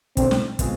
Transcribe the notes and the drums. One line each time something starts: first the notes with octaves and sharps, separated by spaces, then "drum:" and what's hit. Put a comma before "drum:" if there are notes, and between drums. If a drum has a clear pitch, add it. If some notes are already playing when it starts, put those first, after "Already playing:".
B1 B2 A3 C4 D4, drum: kick, hi-hat
drum: snare
B2 G#3 C4 F4 G#4, drum: kick, hi-hat